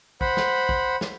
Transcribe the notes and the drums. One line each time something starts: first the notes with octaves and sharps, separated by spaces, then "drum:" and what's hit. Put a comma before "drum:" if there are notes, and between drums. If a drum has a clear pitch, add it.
C5 F#5 B5, drum: kick
drum: snare
drum: kick
drum: snare